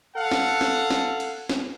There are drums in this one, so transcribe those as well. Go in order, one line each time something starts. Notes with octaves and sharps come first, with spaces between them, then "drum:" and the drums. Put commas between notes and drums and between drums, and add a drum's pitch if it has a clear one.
A4 F5 F#5
drum: snare
drum: snare
drum: snare
drum: cymbal
drum: snare